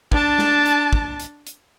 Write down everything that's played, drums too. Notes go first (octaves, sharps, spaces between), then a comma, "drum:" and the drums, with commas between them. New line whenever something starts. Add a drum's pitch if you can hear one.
D4 A5, drum: kick
drum: snare
drum: hi-hat
drum: kick
drum: hi-hat
drum: hi-hat